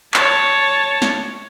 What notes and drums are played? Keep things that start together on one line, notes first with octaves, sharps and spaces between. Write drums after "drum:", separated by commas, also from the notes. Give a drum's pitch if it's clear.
C#5 A5, drum: clap
drum: snare